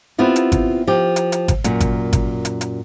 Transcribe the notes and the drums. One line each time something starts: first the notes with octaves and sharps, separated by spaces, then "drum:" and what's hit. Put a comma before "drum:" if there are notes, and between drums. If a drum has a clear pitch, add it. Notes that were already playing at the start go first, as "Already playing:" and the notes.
B3 C4 E4 F4 G4
drum: hi-hat
drum: kick G#1, hi-hat
F3 G4
drum: hi-hat
drum: hi-hat
drum: kick G#1, hi-hat
F#2 A#2, drum: hi-hat
drum: kick G#1, hi-hat
drum: kick G#1, hi-hat
drum: hi-hat
drum: hi-hat